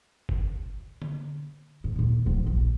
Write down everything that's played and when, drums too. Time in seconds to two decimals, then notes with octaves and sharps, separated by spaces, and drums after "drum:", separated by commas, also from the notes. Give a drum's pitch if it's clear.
0.29 drum: kick
1.02 drum: tom D3
1.84 G#2
1.96 D#2 A#2
2.26 D1 F3
2.46 A#1